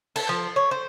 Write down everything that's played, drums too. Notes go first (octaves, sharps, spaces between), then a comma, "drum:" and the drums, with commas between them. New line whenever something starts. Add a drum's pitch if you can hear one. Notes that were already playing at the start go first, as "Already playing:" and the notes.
A4, drum: cymbal
F3
C#5
C5